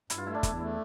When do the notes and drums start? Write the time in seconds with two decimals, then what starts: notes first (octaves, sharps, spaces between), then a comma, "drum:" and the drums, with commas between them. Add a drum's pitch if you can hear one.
0.10 G2 E4, drum: hi-hat
0.18 F4
0.26 A3 E4
0.34 D4
0.43 E2, drum: kick, hi-hat
0.60 A3